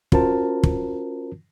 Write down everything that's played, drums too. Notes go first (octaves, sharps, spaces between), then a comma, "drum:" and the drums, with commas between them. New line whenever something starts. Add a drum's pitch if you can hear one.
C#4 F4 F#4 A#4 C5 A5, drum: kick
drum: kick